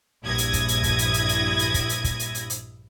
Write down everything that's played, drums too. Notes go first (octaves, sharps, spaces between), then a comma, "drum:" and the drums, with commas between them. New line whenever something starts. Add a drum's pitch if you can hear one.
A#1 G2 E4 D#6 G#6 A#6
drum: hi-hat
drum: kick, hi-hat
drum: hi-hat
drum: kick, hi-hat
drum: hi-hat
drum: hi-hat
drum: hi-hat
drum: hi-hat
drum: kick, hi-hat
drum: hi-hat
drum: kick, hi-hat
drum: hi-hat
drum: hi-hat
drum: hi-hat